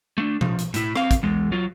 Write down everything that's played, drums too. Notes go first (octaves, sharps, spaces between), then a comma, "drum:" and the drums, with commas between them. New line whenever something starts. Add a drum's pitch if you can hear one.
A3 D4
F3, drum: tom B2
drum: hi-hat
A2 E4, drum: hi-hat
C4 F5, drum: rim click
drum: kick, hi-hat
E2 G#3
F#3 F4